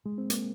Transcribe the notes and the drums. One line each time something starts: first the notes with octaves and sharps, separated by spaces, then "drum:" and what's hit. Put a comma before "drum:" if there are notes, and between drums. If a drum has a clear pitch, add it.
G#3
C4
A#3, drum: hi-hat